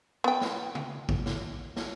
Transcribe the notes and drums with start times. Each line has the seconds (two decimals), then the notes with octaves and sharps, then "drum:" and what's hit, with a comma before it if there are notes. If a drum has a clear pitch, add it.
0.24 B3 G5
0.41 drum: snare
0.75 drum: tom C#3
1.09 drum: kick G#1
1.26 drum: snare
1.76 drum: snare